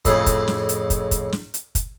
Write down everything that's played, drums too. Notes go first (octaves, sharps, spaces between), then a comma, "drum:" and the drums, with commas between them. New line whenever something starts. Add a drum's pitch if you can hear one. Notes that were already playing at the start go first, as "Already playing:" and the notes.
F2 A2 C#3, drum: kick, hi-hat
drum: kick, hi-hat
drum: snare
drum: hi-hat
drum: kick, hi-hat
drum: kick, hi-hat
drum: snare
drum: hi-hat
drum: kick, hi-hat